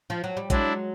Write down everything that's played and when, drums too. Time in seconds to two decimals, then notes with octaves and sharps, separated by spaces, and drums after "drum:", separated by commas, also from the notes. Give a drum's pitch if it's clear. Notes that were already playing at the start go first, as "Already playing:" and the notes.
0.10 F3
0.24 F#3
0.37 G3
0.50 F#3 G#3 D4 E4, drum: kick A1, hi-hat